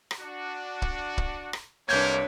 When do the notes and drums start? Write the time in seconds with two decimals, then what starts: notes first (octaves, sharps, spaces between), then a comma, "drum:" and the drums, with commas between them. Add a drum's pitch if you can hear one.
0.11 drum: rim click
0.20 D4 F#4
0.82 drum: kick
1.18 drum: kick
1.53 drum: rim click
1.89 C2 G#3 A#3 D4 B4 C#5 G6 G#6